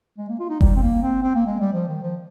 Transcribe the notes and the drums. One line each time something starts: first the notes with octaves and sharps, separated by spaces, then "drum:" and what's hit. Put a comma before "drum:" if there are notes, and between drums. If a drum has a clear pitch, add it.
G#3
A#3
F4
D#4
G3, drum: kick F#1
C4
A#3
C4
C4
A#3
G#3
G3
F3
D#3
F3